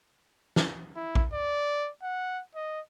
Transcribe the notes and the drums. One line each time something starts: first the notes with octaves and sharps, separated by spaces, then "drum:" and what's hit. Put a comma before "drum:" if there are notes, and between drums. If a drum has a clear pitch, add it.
drum: snare
E4
drum: kick A#1
D5
F#5
D#5